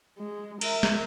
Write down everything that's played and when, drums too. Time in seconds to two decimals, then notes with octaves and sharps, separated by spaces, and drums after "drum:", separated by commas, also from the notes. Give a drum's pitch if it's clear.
0.19 G#3
0.61 A#4 E5, drum: cymbal
0.83 drum: snare